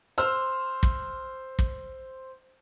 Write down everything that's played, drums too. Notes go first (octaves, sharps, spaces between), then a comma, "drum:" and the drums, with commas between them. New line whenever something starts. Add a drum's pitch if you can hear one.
C5 C6 E6 F6, drum: hi-hat
drum: kick
drum: kick